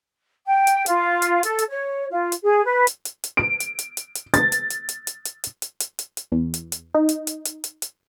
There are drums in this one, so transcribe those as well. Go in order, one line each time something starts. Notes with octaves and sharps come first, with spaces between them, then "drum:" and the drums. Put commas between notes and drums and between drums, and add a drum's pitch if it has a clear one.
G5
drum: hi-hat
F4, drum: hi-hat
drum: hi-hat
A4, drum: hi-hat
drum: hi-hat
C#5
F4
drum: hi-hat
G#4
B4
drum: hi-hat
drum: hi-hat
drum: hi-hat
D7
drum: hi-hat
drum: hi-hat
drum: hi-hat
drum: hi-hat
A6, drum: hi-hat
drum: hi-hat
drum: hi-hat
drum: hi-hat
drum: hi-hat
drum: hi-hat
drum: hi-hat
drum: hi-hat
drum: hi-hat
drum: hi-hat
drum: hi-hat
E2
drum: hi-hat
drum: hi-hat
D#4
drum: hi-hat
drum: hi-hat
drum: hi-hat
drum: hi-hat
drum: hi-hat